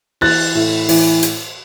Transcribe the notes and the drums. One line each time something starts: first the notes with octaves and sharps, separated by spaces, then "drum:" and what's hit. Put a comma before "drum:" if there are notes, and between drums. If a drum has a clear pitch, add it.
E3 F#6 A6, drum: cymbal
A2
E3, drum: open hi-hat
drum: hi-hat